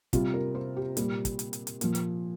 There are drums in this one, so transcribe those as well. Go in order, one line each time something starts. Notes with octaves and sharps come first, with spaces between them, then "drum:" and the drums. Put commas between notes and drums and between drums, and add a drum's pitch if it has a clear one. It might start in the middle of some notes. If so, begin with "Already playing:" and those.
C3 G3 F4, drum: kick, hi-hat
A#4
C5
G4
A#2 G3, drum: hi-hat
drum: kick, hi-hat
drum: hi-hat
drum: hi-hat
drum: hi-hat
A#2 F3, drum: hi-hat
drum: hi-hat